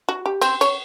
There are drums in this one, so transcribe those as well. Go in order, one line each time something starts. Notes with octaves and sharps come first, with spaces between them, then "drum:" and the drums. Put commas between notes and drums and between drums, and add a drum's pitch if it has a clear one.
F#4
G4
C4, drum: cymbal
C#5, drum: cymbal